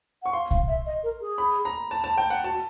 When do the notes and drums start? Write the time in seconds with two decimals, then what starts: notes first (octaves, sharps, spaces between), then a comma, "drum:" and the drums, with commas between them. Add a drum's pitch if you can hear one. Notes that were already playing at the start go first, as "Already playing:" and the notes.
0.22 F#5 C#6
0.33 F5 C6
0.51 F5, drum: kick B1
0.68 E5
0.86 D#5
1.03 A#4
1.21 G#4
1.38 B5
1.65 A#5
1.91 A5
2.04 A5
2.18 G5
2.30 F#5
2.44 F#4 A5